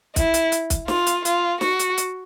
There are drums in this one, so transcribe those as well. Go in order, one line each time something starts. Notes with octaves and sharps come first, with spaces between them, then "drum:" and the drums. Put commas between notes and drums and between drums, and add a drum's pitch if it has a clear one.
E4, drum: kick, hi-hat
drum: hi-hat
drum: hi-hat
drum: kick, hi-hat
F4, drum: snare
drum: hi-hat
F4, drum: hi-hat
F#4, drum: snare
drum: hi-hat
drum: hi-hat